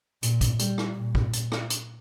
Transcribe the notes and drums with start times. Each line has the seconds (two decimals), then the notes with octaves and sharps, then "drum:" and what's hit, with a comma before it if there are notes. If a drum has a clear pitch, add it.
0.23 A#2, drum: hi-hat
0.41 drum: kick, hi-hat
0.59 G3, drum: hi-hat
0.78 drum: rim click
0.96 A#2
1.15 drum: kick
1.33 drum: hi-hat
1.52 drum: rim click
1.70 drum: hi-hat